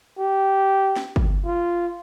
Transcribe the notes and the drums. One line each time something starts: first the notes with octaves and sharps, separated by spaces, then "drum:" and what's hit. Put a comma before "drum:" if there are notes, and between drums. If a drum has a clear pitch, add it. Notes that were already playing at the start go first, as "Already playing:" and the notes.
G4
drum: snare
drum: kick
F4